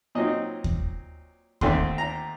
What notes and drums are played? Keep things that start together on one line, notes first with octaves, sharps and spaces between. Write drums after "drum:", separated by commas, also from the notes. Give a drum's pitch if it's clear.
A#2 F#3 C4 D#4 D#5
drum: kick D#2
D#2 D3 A3 C4 C6, drum: kick D#2
A#5